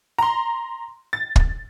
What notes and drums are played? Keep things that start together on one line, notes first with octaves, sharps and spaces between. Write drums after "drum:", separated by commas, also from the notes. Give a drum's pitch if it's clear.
A#5 C6
A6
drum: kick